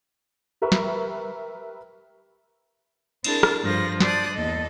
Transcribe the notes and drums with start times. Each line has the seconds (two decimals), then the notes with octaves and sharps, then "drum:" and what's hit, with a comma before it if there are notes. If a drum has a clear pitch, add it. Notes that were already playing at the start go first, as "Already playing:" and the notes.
0.62 G4 A#4 B4 E5 B5 C#6
0.72 drum: snare
3.24 C4 D4 E4 G#4 A#4 A5, drum: cymbal
3.43 drum: rim click
3.63 G2 F3 C5 A#6
4.00 C5 D5 A5 D#6 F#6, drum: snare
4.33 E2 A#3 A4 D#5